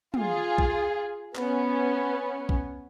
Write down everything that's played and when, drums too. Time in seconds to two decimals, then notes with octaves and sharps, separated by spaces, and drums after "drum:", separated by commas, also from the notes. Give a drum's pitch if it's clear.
0.14 F4 G#4, drum: tom
0.58 drum: kick A#1
1.35 B3 C#4, drum: clap
2.49 drum: kick A#1